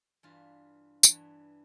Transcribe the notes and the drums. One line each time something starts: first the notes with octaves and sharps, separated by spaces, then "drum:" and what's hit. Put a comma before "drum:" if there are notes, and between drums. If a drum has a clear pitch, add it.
G2 E3 F4
G2 E3, drum: tambourine